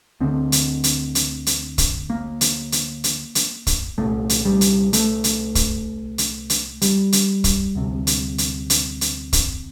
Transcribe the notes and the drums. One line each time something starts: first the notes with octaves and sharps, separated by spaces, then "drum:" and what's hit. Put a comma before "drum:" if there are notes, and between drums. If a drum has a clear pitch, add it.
D2 D3 C4
drum: hi-hat
drum: hi-hat
drum: hi-hat
drum: hi-hat
drum: kick, hi-hat
A#3
drum: hi-hat
drum: hi-hat
drum: hi-hat
drum: hi-hat
drum: kick, hi-hat
C2 A#2 A3
drum: hi-hat
G3
drum: hi-hat
A3, drum: hi-hat
drum: hi-hat
drum: kick, hi-hat
drum: hi-hat
drum: hi-hat
G3, drum: hi-hat
drum: hi-hat
drum: kick, hi-hat
D2 C3
drum: hi-hat
drum: hi-hat
drum: hi-hat
drum: hi-hat
drum: kick, hi-hat